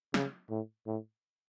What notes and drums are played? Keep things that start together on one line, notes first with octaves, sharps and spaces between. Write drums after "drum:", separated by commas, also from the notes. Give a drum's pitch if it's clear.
C#3, drum: snare
A2
A2